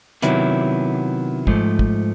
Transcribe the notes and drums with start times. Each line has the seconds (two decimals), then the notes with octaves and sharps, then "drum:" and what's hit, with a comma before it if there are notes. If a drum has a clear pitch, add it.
0.22 C3 D#3 F#3 B3 E4, drum: hi-hat
1.47 G#2 F3 A3, drum: kick
1.79 drum: kick